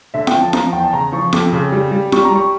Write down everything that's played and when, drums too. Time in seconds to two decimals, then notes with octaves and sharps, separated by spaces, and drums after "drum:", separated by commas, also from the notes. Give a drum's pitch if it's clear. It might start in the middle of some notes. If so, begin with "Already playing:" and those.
0.14 D3 E5
0.27 G5, drum: snare F4
0.34 F3
0.41 A5
0.53 F3 A#5, drum: snare F4
0.73 E2 G5
0.83 A5
0.93 C#3 A#5
1.12 F3 C#6
1.33 F2 D6, drum: snare F4
1.53 C#3
1.72 G3
1.91 G3
2.12 G3 C#6, drum: snare F4
2.23 A#5
2.31 G3 C#6